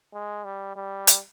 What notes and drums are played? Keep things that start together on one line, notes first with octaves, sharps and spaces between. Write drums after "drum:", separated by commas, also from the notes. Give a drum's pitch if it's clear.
G#3
G3
G3
drum: hi-hat